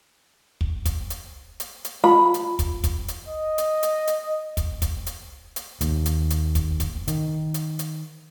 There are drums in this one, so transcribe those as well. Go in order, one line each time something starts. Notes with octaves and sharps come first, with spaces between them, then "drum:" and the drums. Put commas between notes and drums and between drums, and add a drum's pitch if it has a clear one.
drum: kick
drum: kick, hi-hat
drum: hi-hat
drum: hi-hat
drum: hi-hat
F4 B5
drum: hi-hat
drum: kick, hi-hat
drum: kick, hi-hat
drum: hi-hat
D#5
drum: hi-hat
drum: hi-hat
drum: hi-hat
drum: kick, hi-hat
drum: kick, hi-hat
drum: hi-hat
drum: hi-hat
D#2, drum: hi-hat
drum: hi-hat
drum: hi-hat
drum: kick, hi-hat
drum: kick, hi-hat
D#3, drum: hi-hat
drum: hi-hat
drum: hi-hat